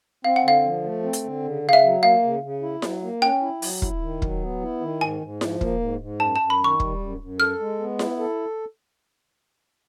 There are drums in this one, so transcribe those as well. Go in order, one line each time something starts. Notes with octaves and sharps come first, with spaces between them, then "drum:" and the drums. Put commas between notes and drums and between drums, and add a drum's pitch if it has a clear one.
C4 F5
F#5
D3 F5
F3
A3
C4
drum: hi-hat
D3
C#3
C#3
F5
E5
F#3
A#3 F5
C#3
C#3
E4
F#3, drum: snare E4
A#3
C#4 G5
E4
F#3, drum: open hi-hat
E4, drum: kick
D#3
F#3, drum: kick
B3
E4
D#3
G#2 G#5
G#2
F3, drum: snare E4
A#3, drum: kick
G#2
G#2
F#2 A5
F#2 A5
B5
D#3 C#6
G3, drum: kick
F#2
F#2
A4 F6
G#3
B3
E4, drum: snare E4
A4